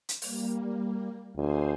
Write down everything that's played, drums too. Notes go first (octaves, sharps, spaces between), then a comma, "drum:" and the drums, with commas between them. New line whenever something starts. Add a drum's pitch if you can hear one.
drum: hi-hat
G3 A#3, drum: open hi-hat
D2 G#4 C5 G#5